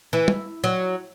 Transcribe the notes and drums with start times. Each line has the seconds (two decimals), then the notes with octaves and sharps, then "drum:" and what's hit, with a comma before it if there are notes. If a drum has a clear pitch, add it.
0.13 E3
0.28 drum: tom
0.64 F#3